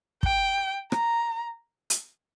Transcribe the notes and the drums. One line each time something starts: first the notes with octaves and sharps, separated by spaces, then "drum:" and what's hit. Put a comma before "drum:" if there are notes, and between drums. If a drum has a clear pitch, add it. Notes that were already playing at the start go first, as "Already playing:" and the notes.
G5, drum: kick
A#5, drum: rim click
drum: hi-hat